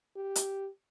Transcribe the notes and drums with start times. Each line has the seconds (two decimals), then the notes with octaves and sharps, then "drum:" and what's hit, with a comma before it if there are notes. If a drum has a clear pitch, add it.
0.16 G4
0.36 drum: hi-hat